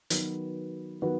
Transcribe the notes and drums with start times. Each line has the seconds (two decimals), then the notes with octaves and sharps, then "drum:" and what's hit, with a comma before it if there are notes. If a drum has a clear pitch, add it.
0.10 D#3 F#3 B3 F#4 B4, drum: hi-hat
1.02 D#3 F#3 B3 F#4 B4